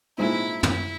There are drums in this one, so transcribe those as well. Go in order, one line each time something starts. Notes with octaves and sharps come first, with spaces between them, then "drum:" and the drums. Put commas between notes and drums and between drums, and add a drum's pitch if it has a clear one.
A#2 F3 G#3 C4 D#4 E4
E4, drum: tom